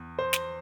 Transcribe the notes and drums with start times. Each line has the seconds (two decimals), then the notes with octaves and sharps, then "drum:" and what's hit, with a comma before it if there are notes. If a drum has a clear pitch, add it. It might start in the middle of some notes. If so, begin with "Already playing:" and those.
Already playing: E2
0.19 C5
0.33 drum: snare